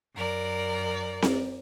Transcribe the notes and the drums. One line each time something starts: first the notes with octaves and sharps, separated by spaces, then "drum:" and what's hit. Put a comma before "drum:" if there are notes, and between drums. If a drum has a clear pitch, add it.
F#2 A#4 D5
drum: snare C4